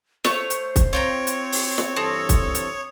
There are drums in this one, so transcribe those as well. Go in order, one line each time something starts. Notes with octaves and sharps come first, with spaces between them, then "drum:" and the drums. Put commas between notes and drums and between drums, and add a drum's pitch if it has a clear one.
A3 C5 C#5, drum: snare
drum: hi-hat
drum: kick, hi-hat
C4 F4 C#5 G5 A#5
drum: hi-hat
drum: open hi-hat
drum: snare
G2 E3 C4 A4 D#6
drum: kick, hi-hat
drum: hi-hat